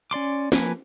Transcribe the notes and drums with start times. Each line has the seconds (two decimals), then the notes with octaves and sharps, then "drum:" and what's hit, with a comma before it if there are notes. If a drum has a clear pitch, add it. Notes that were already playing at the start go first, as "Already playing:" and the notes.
0.11 C#4 D5 C6 D6
0.52 F3 A#3 B4 G#5, drum: snare